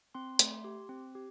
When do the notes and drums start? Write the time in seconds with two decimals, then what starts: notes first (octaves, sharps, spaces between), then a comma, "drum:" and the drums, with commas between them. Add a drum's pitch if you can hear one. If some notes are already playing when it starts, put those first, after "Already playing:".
0.15 C4 C6
0.39 A3, drum: hi-hat
0.64 G4
0.89 C4
1.15 G4